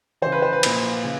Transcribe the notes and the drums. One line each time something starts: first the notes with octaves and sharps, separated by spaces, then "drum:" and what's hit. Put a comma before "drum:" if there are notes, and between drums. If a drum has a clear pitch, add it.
C#3 E3 C5
B4
C5
B4
A#2 F3, drum: cymbal
C#3